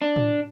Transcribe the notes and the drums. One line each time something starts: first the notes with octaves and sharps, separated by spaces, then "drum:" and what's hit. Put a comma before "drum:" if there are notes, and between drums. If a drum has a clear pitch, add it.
D4
drum: tom A2